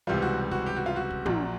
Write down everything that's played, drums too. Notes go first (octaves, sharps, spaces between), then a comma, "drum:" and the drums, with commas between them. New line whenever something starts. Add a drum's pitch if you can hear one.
C#2 C3 E3 G3 F4
F#4
F#4, drum: kick
G4
F#4
F4
F#4
drum: kick
A#1 A#2 F#3, drum: tom